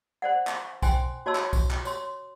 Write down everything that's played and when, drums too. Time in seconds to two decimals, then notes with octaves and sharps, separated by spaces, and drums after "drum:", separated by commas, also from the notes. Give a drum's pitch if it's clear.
0.22 C5 D5 F#5
0.47 drum: clap
0.82 C5 G5 G#5 C6, drum: kick B1, tambourine
1.26 F#4 C#5 D#5 A5 C6 E6
1.35 drum: clap
1.53 drum: kick B1, tambourine
1.71 drum: clap
1.85 C#5 C6, drum: tambourine